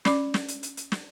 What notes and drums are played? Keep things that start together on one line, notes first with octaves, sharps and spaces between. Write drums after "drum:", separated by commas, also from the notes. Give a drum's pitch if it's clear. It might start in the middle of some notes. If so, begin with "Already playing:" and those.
C#4 D5 B5 D6, drum: snare
drum: snare
drum: hi-hat
drum: hi-hat
drum: hi-hat
drum: snare